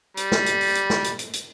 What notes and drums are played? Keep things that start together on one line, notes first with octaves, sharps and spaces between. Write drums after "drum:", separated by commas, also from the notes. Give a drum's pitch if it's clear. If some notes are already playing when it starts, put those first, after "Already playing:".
G3, drum: hi-hat
drum: snare
drum: hi-hat
drum: open hi-hat
drum: hi-hat
drum: snare
drum: hi-hat
drum: hi-hat
drum: hi-hat